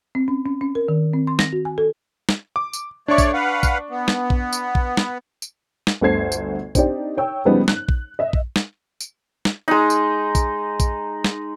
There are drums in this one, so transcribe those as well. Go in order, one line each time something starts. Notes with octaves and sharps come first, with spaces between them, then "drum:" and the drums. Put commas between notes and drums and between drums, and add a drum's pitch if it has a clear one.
C4
C#4
C#4
C#4
A#4
D#3
C4
C6
A#6, drum: snare
F#4
G#5
A4
drum: snare
D6
drum: tambourine
A3 D4 C#5 D5 C#6
drum: kick A#1, tambourine
B4 F5 F#5
drum: kick A#1, tambourine
B3
drum: snare
drum: kick A#1
drum: tambourine
drum: kick A#1
drum: snare
drum: tambourine
drum: snare
G1 D2 A4 C5 G#6 C7
drum: tambourine
C4 D4 D#4 G4 D5, drum: kick A#1, tambourine
C#5 G5 E6
C#3 F3 G3 G#3 B3 D#4
F#6, drum: snare
drum: kick A#1
D#5 E5
drum: kick A#1
drum: snare
drum: tambourine
drum: snare
G#3 D#4
drum: tambourine
drum: kick A#1, tambourine
drum: kick A#1, tambourine
drum: snare